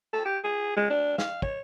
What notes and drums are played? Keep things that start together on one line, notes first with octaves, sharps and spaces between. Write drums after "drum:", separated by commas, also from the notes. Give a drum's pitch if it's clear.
A4
G4
G#4
G#3
D4
F5, drum: snare
C#5, drum: kick